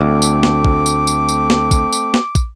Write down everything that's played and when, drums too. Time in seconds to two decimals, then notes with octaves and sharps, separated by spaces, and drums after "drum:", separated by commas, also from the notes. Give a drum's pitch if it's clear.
0.01 D2 A3 C4 D6
0.22 drum: tambourine
0.43 drum: snare
0.65 drum: kick
0.86 drum: tambourine
1.07 drum: tambourine
1.29 drum: tambourine
1.50 drum: snare
1.71 drum: kick, tambourine
1.93 drum: tambourine
2.14 drum: snare
2.35 drum: kick, tambourine